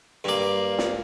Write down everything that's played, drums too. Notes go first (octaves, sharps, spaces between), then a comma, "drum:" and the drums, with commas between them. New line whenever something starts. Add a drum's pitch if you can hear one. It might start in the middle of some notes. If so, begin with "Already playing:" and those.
G2 A#3 D5
drum: snare